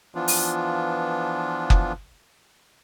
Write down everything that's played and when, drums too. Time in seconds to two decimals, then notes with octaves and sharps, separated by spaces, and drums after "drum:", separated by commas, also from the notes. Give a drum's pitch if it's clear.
0.15 E3 F3 B3 D4 F4
0.28 drum: open hi-hat
1.70 drum: kick F#1